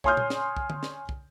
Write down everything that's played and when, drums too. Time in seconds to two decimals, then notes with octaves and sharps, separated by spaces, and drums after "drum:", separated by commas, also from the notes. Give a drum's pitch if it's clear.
0.04 C#5 G#5 C6 D#6 F6 G6, drum: kick
0.17 drum: tom
0.30 drum: snare
0.57 drum: kick
0.70 drum: tom D3
0.83 drum: snare
1.09 drum: kick